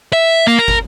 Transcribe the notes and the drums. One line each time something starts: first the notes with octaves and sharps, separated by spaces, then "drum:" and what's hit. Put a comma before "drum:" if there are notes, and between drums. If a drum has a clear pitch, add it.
E5
A#3
A#4
drum: kick